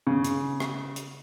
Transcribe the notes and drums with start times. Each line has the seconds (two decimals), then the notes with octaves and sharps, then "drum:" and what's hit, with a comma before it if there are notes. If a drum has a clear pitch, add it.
0.07 C#3
0.24 drum: hi-hat
0.60 drum: rim click
0.96 drum: hi-hat